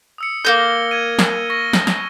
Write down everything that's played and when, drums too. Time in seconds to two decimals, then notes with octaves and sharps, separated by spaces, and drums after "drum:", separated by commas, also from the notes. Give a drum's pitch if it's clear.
0.18 D#6 E6 C#7
0.45 A#3 B3 F6 G6 A#6 G7
0.91 G#6 C#7 D#7
1.19 drum: snare
1.50 C#6 A#6
1.73 drum: snare
1.87 drum: snare